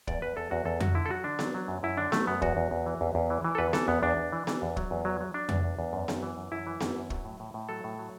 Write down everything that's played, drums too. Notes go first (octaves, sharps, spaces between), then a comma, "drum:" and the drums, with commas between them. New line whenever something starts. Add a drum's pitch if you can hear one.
E2 D5, drum: kick
E2 B4
E2 A4
E2 F#4
E2 A4
F#3 F#4, drum: tom F2
D3 E4
A4
F#3 F#4
D3 D4
F#3, drum: snare B3
F#3
F#2
F#2 E4
D3 D4
F#3 A3, drum: snare B3
F#2 B3
E2 F#4, drum: kick
E2
E2
E3
E2
E2
E3
E3
A4
E2 B4
E3 A4, drum: snare B3
E2 B3
E2 D4
E2
E3
E3, drum: snare B3
E2
F#3, drum: kick
E2
F#3
F#3
F#3 D4
E2, drum: tom F2
E2
E2
F#2
F#2, drum: snare B3
E3
F#2
F#2 E4
E3
F#2, drum: snare B3
F#2
F#3, drum: kick
A2
A2
A2
F#3 A4
A2
F#3